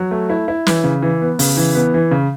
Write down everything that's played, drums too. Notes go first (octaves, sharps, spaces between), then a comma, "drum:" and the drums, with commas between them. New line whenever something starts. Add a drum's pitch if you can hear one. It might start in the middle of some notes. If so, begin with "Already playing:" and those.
Already playing: F#3
A3
E4
E4
E3, drum: snare
C#3
E3
B3
C#3, drum: open hi-hat
E3
B3
E3
C#3